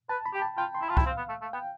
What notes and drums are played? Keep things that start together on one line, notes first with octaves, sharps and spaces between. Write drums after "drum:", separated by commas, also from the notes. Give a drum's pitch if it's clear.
B4 A5
B5
G4 G5
A5
F4 G5
C6
E4 B5
F4 A5
E4 G5, drum: kick C2
C4 F5
B3
A3
A3
B3 G5